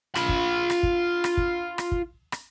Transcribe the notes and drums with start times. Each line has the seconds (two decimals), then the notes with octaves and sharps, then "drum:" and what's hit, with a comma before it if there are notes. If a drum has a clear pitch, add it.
0.15 F4 B5, drum: rim click
0.29 drum: kick
0.70 drum: rim click
0.83 drum: kick
1.24 drum: rim click
1.37 drum: kick
1.78 drum: rim click
1.92 drum: kick
2.32 drum: rim click